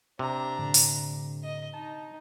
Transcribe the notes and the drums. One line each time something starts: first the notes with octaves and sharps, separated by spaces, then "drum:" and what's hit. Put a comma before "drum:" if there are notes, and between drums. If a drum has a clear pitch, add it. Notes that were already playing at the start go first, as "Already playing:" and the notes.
C3 D4 A#5
A2 D3
drum: open hi-hat
D#5
D#4 A5